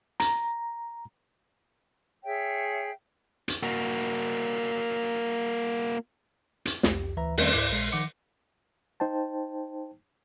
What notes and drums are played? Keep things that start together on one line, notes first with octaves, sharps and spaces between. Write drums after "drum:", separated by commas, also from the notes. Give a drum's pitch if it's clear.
A#5, drum: hi-hat
G#4 C#5 E5 G5
drum: hi-hat
A#3 F#4
drum: hi-hat
C2 F2 G4, drum: snare
D2 E3 B4 E5 A#5
E2 D#3 G3 A3 C4 C#4, drum: open hi-hat
C#2 G#2 E4 D6 F#6
A#1 A#2 G#3 C7
D#3 F3 F#5 D6 C#7
D#4 C5 G5 A5